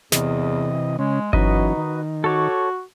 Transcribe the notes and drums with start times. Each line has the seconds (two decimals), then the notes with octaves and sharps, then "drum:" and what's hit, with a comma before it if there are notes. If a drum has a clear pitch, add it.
0.12 E2 C3 E3 D#5, drum: snare
0.99 C#3 G#3 C#4
1.33 E3 F#3 C#4 D#4 F#4 B4 D#5, drum: kick G1
1.77 D#3
2.24 F#4 A4 C#5 D6